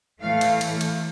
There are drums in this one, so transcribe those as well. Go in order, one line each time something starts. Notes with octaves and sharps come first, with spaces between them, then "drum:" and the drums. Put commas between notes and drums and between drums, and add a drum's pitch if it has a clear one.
A2 E3 A3 F5
drum: cymbal
drum: cymbal
drum: cymbal